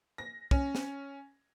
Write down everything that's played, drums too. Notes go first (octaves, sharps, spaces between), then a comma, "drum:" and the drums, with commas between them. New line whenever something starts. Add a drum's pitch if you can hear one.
A#6
C#4, drum: kick
drum: snare